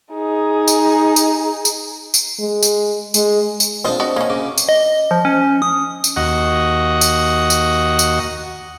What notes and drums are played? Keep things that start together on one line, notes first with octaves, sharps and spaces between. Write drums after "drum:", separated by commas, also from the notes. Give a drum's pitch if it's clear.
D#4 G#4
drum: tambourine
drum: tambourine
drum: tambourine
drum: tambourine
G#3
drum: tambourine
G#3, drum: tambourine
drum: tambourine
F3 C4 D4 F4 C5 D#5
F#4 D#5
A#3 C#4 A#5
C#3 D6
drum: tambourine
D#5
F3
C#4
D#6
drum: tambourine
D#2 F#4 D#5 F#5
drum: tambourine
drum: tambourine
drum: tambourine